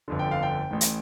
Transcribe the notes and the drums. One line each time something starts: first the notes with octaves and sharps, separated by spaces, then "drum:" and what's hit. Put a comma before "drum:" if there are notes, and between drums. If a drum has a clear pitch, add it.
G1 F2 D3
G5
F5
G5
A1 A2
drum: hi-hat